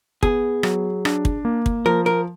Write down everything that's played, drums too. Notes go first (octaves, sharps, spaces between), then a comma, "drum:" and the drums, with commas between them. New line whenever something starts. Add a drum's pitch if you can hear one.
B3 G#4, drum: kick
F#3, drum: rim click
D4, drum: rim click
drum: kick
A#3
drum: kick
F3 A#4
A#4